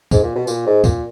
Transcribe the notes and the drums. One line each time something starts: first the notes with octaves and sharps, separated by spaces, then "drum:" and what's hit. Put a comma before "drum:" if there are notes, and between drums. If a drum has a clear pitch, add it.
G#2, drum: kick, tambourine
A#2
B2
A#2, drum: tambourine
G#2
A#2, drum: kick, tambourine